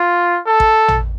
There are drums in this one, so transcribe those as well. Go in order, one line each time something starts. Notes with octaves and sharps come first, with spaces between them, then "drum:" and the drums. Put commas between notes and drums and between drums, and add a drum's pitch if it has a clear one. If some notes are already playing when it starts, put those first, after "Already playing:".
Already playing: F4
A4
drum: kick A1
drum: tom